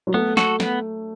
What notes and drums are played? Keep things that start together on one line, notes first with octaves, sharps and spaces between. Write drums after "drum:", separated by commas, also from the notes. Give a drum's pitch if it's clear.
F#3
A3 B3
F#4 A4, drum: snare
B3, drum: snare